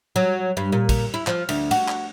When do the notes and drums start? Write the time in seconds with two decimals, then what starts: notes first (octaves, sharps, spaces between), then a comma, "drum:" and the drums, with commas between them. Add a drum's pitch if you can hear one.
0.16 F#3
0.57 G2
0.72 A#2
0.89 drum: kick, cymbal
1.14 E4
1.27 F3, drum: clap
1.49 D2, drum: cymbal
1.71 F#4, drum: cymbal
1.88 drum: clap